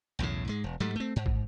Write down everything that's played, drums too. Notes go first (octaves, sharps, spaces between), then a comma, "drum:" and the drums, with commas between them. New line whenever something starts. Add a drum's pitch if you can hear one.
B1 E2 A2 C#3
G#2 G#3
E1
G#2 F#3 G3 A3
A3 C4
G#2
drum: kick